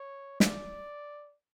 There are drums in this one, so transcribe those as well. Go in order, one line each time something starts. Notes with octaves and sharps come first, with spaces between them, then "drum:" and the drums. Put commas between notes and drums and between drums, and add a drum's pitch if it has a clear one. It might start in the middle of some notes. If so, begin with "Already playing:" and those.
Already playing: C#5
D5, drum: snare